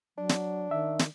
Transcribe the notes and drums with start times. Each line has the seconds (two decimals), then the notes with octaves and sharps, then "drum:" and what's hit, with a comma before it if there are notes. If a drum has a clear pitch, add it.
0.18 F#3 D4
0.29 drum: snare
0.71 D#3 E5
0.99 drum: snare